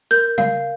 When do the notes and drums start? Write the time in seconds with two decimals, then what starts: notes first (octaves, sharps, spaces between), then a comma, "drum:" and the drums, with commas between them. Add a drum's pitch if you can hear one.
0.11 A#4 G6
0.38 F5, drum: tom